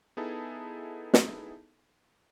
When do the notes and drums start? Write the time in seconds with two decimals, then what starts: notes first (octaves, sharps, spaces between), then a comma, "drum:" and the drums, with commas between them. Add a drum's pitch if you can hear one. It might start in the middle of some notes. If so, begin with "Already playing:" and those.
0.17 B3 D#4 E4 G#4 A4 A5
1.14 drum: snare